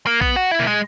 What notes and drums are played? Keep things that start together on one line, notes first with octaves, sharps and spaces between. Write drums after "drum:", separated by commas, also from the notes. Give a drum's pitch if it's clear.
A#3
B3, drum: kick A#1
F#4
E4
A#3, drum: tom A#2
G#3